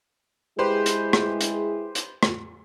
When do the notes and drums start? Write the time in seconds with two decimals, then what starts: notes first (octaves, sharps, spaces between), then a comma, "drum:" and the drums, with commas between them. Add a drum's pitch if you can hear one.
0.59 G#3 E4 G4 G#4 B4 C5
0.86 drum: hi-hat
1.13 drum: rim click
1.41 drum: hi-hat
1.95 drum: hi-hat
2.23 drum: rim click